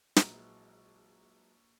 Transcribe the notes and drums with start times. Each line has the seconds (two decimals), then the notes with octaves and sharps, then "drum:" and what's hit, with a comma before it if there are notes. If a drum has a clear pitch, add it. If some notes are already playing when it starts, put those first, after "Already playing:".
0.16 A#1 E3 F#3 G#3 A#5, drum: snare